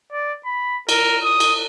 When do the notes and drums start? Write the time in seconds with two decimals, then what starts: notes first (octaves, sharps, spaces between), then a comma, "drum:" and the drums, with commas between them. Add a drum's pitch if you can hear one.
0.12 D5
0.46 B5
0.89 A#4, drum: cymbal
1.24 D#6
1.40 drum: cymbal